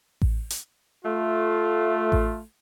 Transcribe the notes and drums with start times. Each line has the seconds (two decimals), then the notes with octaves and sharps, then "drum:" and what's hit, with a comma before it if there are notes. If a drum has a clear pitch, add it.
0.22 drum: kick A1
0.50 drum: hi-hat
1.05 A3 F4
2.12 drum: kick A1